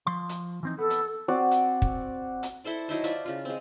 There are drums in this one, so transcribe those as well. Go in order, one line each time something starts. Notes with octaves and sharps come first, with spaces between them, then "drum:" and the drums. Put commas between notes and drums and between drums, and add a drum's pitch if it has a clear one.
F3 C6
drum: hi-hat
E3 C4 D#4
B3 A4
drum: hi-hat
C4 F#4 D5
drum: hi-hat
drum: kick
drum: hi-hat
E4 A4 C5 D5
F#3 D#4 E4 C5
F4 C5 D5 E5, drum: hi-hat
C#3 F4
G#3 C4